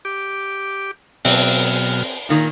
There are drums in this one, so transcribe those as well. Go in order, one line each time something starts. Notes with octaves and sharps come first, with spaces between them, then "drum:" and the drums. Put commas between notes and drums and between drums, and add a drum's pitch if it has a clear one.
G4 D6
B2 F#3 C4 F6, drum: open hi-hat
A#2 D#3 A#3